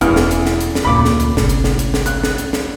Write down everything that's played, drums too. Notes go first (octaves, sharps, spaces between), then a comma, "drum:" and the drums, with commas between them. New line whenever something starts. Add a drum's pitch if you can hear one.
E1 E2 E3 F6, drum: hi-hat
drum: snare
drum: hi-hat
drum: snare
drum: hi-hat
drum: snare
F1 D2 A#2 B5 D6
drum: snare
drum: hi-hat
G1 C2 A2, drum: snare
drum: hi-hat
drum: snare
drum: hi-hat
drum: snare
F#6, drum: hi-hat
drum: snare
drum: hi-hat
drum: snare